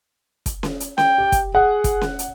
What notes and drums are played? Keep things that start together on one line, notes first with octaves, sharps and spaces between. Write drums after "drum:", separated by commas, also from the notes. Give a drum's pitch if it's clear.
drum: kick, hi-hat
drum: snare C#4
drum: hi-hat
G5, drum: snare C#4
G4
drum: kick, hi-hat
G#4 F#5
drum: kick, hi-hat
drum: snare C#4
drum: hi-hat